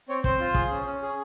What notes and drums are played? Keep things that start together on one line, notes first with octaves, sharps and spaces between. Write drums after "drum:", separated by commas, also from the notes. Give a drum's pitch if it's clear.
C4 C#5
C4 C5, drum: kick
F4
G#4, drum: kick
C#4
C#4
G#4